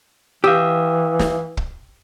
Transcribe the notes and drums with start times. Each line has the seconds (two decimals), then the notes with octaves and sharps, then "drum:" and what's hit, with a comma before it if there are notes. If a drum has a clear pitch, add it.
0.44 E3 G4 F5 D#6 E6
1.19 drum: snare
1.57 drum: kick